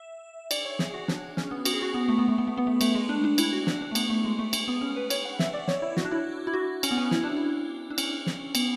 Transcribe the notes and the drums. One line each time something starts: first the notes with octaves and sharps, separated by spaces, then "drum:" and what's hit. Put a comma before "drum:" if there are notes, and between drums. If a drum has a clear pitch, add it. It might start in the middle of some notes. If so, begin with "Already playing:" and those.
Already playing: E5
D5, drum: cymbal
C#5
G#4, drum: snare
F#4
D4, drum: snare
C#4, drum: snare
B3
F#4, drum: cymbal
G#4
F#4
B3
A3
B3
A3
B3
A3
B3
A3
A3, drum: cymbal
G#3
D4
D4
E4, drum: cymbal
F#4
D4, drum: snare
D4
A3
B3, drum: cymbal
A3
G#3
A3
A3, drum: cymbal
B3
C#4
B4
C#5, drum: cymbal
F#5
E5, drum: snare
D5
C#5, drum: snare
E4
F#4, drum: snare
D4
E4
E4
F#4
C#4, drum: cymbal
B3
C#4
E4, drum: snare
D4
E4
D4
C#4, drum: cymbal
drum: snare
B3, drum: cymbal